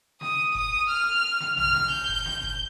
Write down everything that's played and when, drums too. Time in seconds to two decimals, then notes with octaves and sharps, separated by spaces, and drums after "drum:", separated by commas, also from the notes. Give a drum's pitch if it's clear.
0.21 D#6, drum: snare
0.55 D#6, drum: kick F#1
0.89 F6
1.40 drum: snare
1.57 F6, drum: tom A#1
1.75 drum: snare
1.92 G6
2.09 drum: kick F#1
2.26 drum: snare
2.43 drum: kick F#1